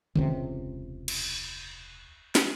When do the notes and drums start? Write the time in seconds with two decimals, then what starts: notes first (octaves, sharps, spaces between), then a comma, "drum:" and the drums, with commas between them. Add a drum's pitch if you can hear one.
0.16 E1 C#2 C3, drum: tom D3
1.08 drum: cymbal
2.35 drum: snare